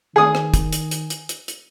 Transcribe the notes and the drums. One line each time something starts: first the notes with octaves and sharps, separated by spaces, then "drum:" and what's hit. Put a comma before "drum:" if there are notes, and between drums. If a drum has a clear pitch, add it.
D#3 G#4 D#6
drum: rim click
drum: kick, hi-hat
drum: hi-hat
drum: hi-hat
drum: hi-hat
drum: hi-hat
drum: hi-hat